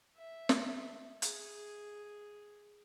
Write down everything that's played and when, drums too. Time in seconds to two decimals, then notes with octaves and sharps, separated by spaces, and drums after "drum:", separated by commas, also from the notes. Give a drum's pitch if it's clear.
0.16 E5
0.49 drum: snare
1.22 G#4, drum: hi-hat